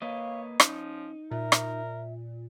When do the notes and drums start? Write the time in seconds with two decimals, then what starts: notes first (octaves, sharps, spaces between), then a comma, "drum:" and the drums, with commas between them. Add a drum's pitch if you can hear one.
0.02 A#3 B4 C#5 D#5 F5
0.60 F3 C#4 D#4, drum: rim click
1.31 A#2 A#4 E5
1.52 drum: rim click